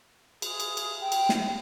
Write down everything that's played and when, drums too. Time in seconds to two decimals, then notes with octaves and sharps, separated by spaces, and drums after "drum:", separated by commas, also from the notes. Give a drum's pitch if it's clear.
0.42 G#4, drum: cymbal
0.60 drum: cymbal
0.77 drum: cymbal
1.02 G5
1.12 drum: cymbal
1.29 drum: snare